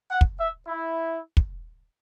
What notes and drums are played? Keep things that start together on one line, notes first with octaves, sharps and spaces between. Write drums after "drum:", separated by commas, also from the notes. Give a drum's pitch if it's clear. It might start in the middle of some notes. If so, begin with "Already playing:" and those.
F#5
drum: kick
E5
E4
drum: kick